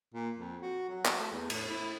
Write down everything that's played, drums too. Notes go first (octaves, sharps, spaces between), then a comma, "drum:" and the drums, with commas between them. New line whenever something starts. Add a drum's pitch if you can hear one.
A#2
F2
F#4
F#3
drum: clap
A3
E2
A2, drum: cymbal
E4